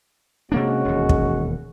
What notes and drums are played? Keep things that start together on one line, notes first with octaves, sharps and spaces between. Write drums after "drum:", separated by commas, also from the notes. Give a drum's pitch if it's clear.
C3 G#3 A#3 C#4 D4 F#4
E1 D#2
drum: kick